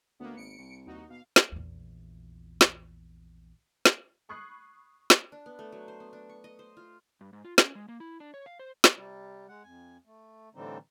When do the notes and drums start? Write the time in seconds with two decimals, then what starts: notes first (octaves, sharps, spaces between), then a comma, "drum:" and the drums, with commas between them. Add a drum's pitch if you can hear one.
0.19 D2 A#3 B3
0.37 G#1 C#7 D7
0.58 C2
0.86 D#2 D#4 F#4
1.10 B2 F5
1.36 drum: snare
1.52 A#1 E2
2.61 drum: snare
3.85 drum: snare
4.29 B5 C#6 D#6 F#6 G#6 C7
5.10 drum: snare
5.32 D4
5.46 B3
5.59 A3
5.72 F#3
5.88 C5
6.00 B3
6.13 D4
6.29 C#6
6.44 D#5
6.59 C5
6.77 F4
7.21 G2
7.33 G#2
7.44 F4
7.58 C#4, drum: snare
7.75 G#3
7.88 A#3
8.00 E4
8.20 D4
8.34 C#5
8.46 F5
8.59 C5
8.84 drum: snare
8.97 C3 G3
9.48 G#3 F#5
9.63 F2 G#5
10.05 A3
10.55 A2 D3 E3 G3 C4 D#4